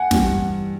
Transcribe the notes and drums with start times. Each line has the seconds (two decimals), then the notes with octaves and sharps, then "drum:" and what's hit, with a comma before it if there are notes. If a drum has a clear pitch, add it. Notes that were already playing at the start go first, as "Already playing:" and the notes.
Already playing: F#5 G#5
0.11 G2 E3 G3, drum: snare